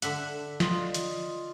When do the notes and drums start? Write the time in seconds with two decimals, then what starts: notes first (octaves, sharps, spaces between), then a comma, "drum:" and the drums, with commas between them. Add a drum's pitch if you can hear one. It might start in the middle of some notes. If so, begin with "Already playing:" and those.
0.02 D3 E5 F#5, drum: hi-hat
0.60 F4 D5 D#5, drum: snare
0.94 drum: hi-hat